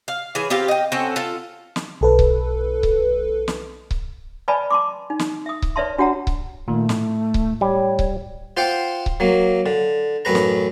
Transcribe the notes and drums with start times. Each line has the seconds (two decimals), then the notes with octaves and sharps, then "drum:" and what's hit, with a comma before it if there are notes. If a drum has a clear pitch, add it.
0.08 F5
0.35 E3 G#4 C#5
0.50 C4 F4 G4 F5
0.68 D#5 G5
0.92 C4 C#4 F#4 A4
1.16 F4 A4
1.76 drum: snare
2.01 B1 A4 B4
2.19 drum: kick C#1
2.83 drum: kick C#1
3.48 drum: snare
3.91 drum: kick C#1
4.48 B4 D5 D#5 G#5 A5 B5
4.71 A5 C6 D6
5.10 D#4
5.19 drum: snare
5.46 E5 D#6
5.62 drum: kick C#1
5.76 B4 C#5 D5 E5 A5 C6
5.98 D4 F#4 C#5 F#5 A5 A#5
6.27 drum: kick C#1
6.68 A#2 D#3 A3
6.89 A2, drum: snare
7.34 drum: kick C#1
7.61 G3 C#5
7.99 drum: kick C#1
8.57 F4 C5 F#5 G5 D6
9.06 drum: kick C#1
9.20 F#3 A#3
9.66 D3
10.25 A1 F#2 B4 A#5
10.35 drum: snare